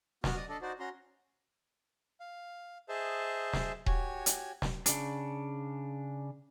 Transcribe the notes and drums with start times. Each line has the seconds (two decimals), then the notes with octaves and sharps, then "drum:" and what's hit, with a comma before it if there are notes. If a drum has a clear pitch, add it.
0.24 B3 F#4 F6, drum: snare
0.37 D5 D#5 D#6
0.49 D4 A4 D5 D#5
0.62 D#4 F#4 C5 D5
0.79 C#4 F#4 A#5 C6
2.20 F5
2.89 G#4 C5 D#5 E5 A5
3.53 drum: snare
3.86 F#4 G4 C#5 G#5, drum: kick D#1
4.26 drum: hi-hat
4.62 drum: snare
4.86 C#3 D4, drum: hi-hat